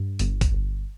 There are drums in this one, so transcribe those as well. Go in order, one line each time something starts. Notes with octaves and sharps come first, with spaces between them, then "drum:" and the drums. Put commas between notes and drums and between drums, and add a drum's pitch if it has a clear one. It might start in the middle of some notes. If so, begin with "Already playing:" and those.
Already playing: G2
G1, drum: hi-hat
drum: kick B1, hi-hat
G1